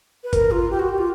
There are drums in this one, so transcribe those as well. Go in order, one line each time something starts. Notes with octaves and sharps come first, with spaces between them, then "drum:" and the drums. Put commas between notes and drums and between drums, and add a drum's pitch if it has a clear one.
B4
A#4, drum: kick G#1, hi-hat
F4
G4
F#4
G4
F4